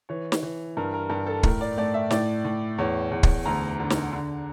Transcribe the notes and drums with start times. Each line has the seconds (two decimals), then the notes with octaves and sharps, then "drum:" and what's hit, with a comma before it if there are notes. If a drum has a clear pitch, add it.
0.09 E3 C#5
0.32 drum: snare
0.43 E3
0.77 G2 A#4
0.94 A#4
1.10 G2 A#4
1.27 A4
1.43 A2 A#4, drum: kick
1.61 D5
1.78 A3 D5
1.94 E5
2.11 A2 D5, drum: snare
2.45 A2
2.78 E2 C#5
3.12 E2
3.23 drum: kick
3.46 D2 A#5
3.80 D3
3.90 drum: snare
4.13 D3